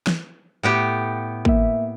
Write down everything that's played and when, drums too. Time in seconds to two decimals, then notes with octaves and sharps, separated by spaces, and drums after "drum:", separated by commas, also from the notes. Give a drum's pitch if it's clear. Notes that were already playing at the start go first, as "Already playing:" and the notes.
0.07 drum: snare
0.63 A2 B3 G4
1.45 A#3 E5, drum: kick